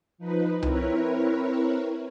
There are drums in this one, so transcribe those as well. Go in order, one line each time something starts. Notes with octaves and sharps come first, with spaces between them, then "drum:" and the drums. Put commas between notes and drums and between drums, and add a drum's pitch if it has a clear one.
F3 D#4 B4
C4 E4 A#4 B4 C#5, drum: tom C2